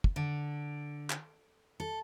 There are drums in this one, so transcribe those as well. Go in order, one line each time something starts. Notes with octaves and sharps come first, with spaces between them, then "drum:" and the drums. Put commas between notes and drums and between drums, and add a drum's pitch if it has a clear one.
drum: kick
D3
drum: clap
A4